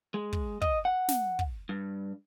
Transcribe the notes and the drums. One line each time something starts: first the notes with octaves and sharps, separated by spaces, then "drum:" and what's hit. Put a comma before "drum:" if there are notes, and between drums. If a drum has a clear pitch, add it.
G#3
drum: kick
D#5, drum: kick
F#5
drum: snare
drum: kick
G2